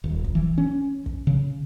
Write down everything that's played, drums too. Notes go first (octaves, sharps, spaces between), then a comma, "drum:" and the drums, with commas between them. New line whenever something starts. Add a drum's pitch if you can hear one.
D#1
drum: kick
E3
C#4
drum: kick
C#3